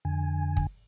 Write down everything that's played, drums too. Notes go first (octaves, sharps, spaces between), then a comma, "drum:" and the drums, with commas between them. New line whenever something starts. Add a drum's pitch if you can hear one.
F2 D3 G#5
drum: kick